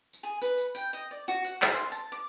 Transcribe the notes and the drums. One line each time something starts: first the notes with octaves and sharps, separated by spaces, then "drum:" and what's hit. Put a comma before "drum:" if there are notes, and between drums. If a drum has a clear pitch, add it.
drum: tambourine
G#4
B4, drum: tambourine
drum: tambourine
G5, drum: tambourine
D#5
D5
F#4
F#5, drum: tambourine
E5, drum: clap
C6, drum: tambourine
A5, drum: tambourine
D6